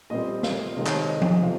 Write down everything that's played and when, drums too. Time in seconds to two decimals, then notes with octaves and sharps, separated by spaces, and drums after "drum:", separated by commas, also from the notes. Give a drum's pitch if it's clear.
0.10 A#2 G3 C4 D#5
0.43 F5, drum: snare
0.76 C3 D#3 G#3 C4 D#5
0.87 C#5, drum: clap
0.98 D#5
1.09 D#5
1.22 drum: tom F3
1.42 C3 F3 F5